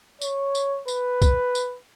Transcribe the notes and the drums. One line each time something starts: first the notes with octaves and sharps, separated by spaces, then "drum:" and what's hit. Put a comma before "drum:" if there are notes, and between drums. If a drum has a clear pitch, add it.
C#5, drum: tambourine
drum: tambourine
B4, drum: tambourine
drum: kick, tambourine
drum: tambourine